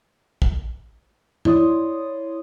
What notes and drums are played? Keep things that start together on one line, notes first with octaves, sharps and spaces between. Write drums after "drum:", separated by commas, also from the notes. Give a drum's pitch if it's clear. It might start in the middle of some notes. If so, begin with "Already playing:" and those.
drum: kick
E4 C#5 D5 C6 D#6, drum: tom G2